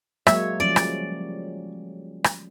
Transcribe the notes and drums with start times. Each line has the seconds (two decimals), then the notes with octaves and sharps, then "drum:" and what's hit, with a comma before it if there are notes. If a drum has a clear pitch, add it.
0.27 F#3 G#3 A#3 C#5 E5, drum: rim click
0.60 F3 G3 C#4 D5
0.76 drum: rim click
2.24 drum: rim click